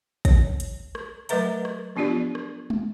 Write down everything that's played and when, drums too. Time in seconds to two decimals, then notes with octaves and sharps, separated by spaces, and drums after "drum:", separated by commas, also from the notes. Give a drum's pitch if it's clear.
0.25 C#5, drum: kick, hi-hat
0.60 drum: hi-hat
0.95 drum: rim click
1.29 F#3 A3 A#4 B4 E5 A#5, drum: hi-hat
1.65 drum: rim click
1.96 F3 B3 D4 F4 G4 D5
2.35 drum: rim click
2.70 drum: tom G#3